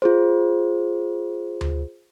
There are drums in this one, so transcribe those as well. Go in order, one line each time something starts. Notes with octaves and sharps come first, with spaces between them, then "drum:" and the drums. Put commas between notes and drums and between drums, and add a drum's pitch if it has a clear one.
F4 G#4 C5
drum: tom D2